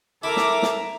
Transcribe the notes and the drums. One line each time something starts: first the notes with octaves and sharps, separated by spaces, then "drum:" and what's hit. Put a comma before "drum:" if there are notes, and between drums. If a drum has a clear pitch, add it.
E4 A4 A#4 E5 A#5 D6
drum: snare
drum: snare